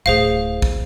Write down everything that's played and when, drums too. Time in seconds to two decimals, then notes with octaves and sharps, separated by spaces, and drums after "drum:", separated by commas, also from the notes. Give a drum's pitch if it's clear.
0.06 D1 A2 G#4 C5 F5
0.62 drum: kick